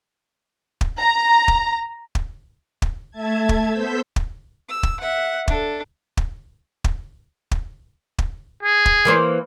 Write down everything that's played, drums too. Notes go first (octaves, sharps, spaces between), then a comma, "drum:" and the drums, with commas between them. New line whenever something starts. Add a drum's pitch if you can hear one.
drum: kick
A#5
drum: kick
drum: kick
drum: kick
A3 E5 A5 G#6
drum: kick
B3 A4 C5 E6 G6 B6
drum: kick
E6
drum: kick
E5 F#5
D4 A4, drum: kick
drum: kick
drum: kick
drum: kick
drum: kick
G#4
drum: kick
E3 A#3 C5